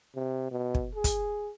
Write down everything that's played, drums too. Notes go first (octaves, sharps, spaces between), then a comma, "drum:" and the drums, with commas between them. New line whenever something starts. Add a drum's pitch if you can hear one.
C3
B2
drum: kick
G#4
drum: kick, hi-hat